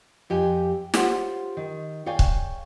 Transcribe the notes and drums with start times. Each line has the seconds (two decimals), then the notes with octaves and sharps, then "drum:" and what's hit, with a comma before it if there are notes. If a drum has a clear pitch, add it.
0.30 F2 G4 G#5
0.94 F4 G4 C5 C#5 F#5, drum: snare
1.57 D#3
2.06 G#4 C#5 D5 F5 G5 G#5
2.19 drum: kick C#1